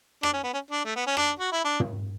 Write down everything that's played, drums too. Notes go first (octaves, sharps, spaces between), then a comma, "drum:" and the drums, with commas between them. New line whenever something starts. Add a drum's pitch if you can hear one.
D4, drum: rim click
C#4
B3
C#4
D4
A3
B3
C#4
D4, drum: rim click
F#4
E4
D4
drum: tom